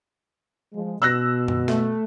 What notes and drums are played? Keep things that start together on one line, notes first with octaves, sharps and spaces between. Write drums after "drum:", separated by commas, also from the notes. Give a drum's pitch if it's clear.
F3 G#3
B2 E6 F#6 A#6
drum: tom F#2
A3, drum: snare